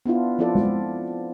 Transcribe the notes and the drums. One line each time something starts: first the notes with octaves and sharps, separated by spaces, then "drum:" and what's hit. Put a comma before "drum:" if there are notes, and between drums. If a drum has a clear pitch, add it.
B3 D4 E4 F4
F3 C4 E4 F4 A4 D5
drum: tom G#3